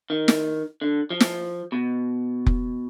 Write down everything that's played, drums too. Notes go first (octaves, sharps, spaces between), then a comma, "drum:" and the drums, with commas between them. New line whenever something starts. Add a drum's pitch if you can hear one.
D#3
drum: snare
D3
F3
drum: snare
B2
drum: kick F1